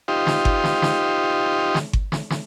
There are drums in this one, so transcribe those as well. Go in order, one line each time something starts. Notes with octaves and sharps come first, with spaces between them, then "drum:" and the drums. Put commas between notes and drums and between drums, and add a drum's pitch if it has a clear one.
D#4 F4 G4 C5
drum: snare
drum: kick G1
drum: snare
drum: snare
drum: snare
drum: kick G1
drum: snare
drum: snare